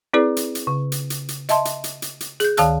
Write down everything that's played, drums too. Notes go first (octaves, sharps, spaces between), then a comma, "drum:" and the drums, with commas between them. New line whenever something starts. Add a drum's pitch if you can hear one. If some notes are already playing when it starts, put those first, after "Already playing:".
C4 E4 G#4 B4 D5
drum: hi-hat
drum: hi-hat
C#3
drum: hi-hat
drum: hi-hat
drum: hi-hat
D#5 E5 A5 C6, drum: hi-hat
drum: hi-hat
drum: hi-hat
drum: hi-hat
drum: hi-hat
G#4 G6, drum: hi-hat
D2 D#3 F5 A5 E6 F#6, drum: hi-hat